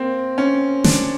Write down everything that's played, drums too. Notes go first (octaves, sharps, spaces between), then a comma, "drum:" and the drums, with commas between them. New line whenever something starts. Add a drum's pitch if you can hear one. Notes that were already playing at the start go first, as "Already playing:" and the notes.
Already playing: A#3 C4
C#4
D4, drum: snare